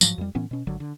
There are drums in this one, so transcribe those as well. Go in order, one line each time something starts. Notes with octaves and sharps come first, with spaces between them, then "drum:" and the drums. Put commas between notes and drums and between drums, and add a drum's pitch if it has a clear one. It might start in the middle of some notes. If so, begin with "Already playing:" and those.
G#2 F3 F#3, drum: tambourine
F2 G3
A2 E3 B3 C#4
B2 C#4
G#1 D3 F#3
D3